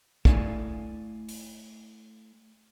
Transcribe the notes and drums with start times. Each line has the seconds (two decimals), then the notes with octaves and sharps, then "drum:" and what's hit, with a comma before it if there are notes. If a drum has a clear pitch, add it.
0.25 A3 E4 D5 F5 G#5, drum: kick
1.28 drum: open hi-hat